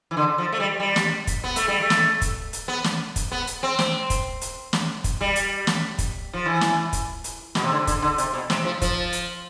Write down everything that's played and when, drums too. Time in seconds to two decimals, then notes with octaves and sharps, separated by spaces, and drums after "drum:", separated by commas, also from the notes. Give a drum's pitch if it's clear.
0.11 E3
0.17 D3
0.38 F3
0.52 A3
0.60 G3
0.80 G3
0.96 drum: snare
1.27 drum: kick, hi-hat
1.44 B3
1.56 A3, drum: hi-hat
1.68 G3
1.81 A3
1.90 drum: snare
2.22 drum: kick, hi-hat
2.53 drum: hi-hat
2.68 B3
2.84 drum: snare
3.16 drum: kick, hi-hat
3.31 B3
3.47 drum: hi-hat
3.63 C4
3.79 drum: snare
4.10 drum: kick, hi-hat
4.41 drum: hi-hat
4.73 drum: snare
5.04 drum: kick, hi-hat
5.21 G3
5.36 drum: hi-hat
5.67 drum: snare
5.98 drum: kick, hi-hat
6.33 F3
6.46 E3
6.61 drum: snare
6.93 drum: kick, hi-hat
7.24 drum: hi-hat
7.55 B2, drum: snare
7.63 C3
7.72 D3
7.87 D3, drum: kick, hi-hat
8.02 D3
8.18 C3, drum: hi-hat
8.34 B2
8.50 C3, drum: snare
8.65 F3
8.82 F3, drum: kick, hi-hat
9.13 drum: hi-hat